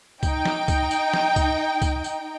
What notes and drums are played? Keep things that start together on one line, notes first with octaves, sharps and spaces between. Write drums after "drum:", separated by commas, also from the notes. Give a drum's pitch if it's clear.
D#4 G5, drum: kick C#2, tambourine
drum: snare
drum: kick C#2, tambourine
drum: tambourine
drum: snare
drum: kick C#2, tambourine
drum: kick C#2, tambourine
drum: tambourine